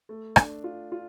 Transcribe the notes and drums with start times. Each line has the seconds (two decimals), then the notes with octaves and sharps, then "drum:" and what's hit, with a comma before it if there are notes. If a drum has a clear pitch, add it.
0.09 A3
0.36 D4, drum: rim click
0.64 F4
0.92 F4